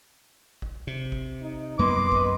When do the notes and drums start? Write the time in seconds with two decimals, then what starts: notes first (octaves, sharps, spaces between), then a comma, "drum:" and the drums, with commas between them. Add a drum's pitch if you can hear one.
0.62 drum: kick
0.87 C3
1.12 drum: kick
1.42 D#4
1.79 F#2 A#3 B3 B4 D#5 C6 D6
2.12 drum: kick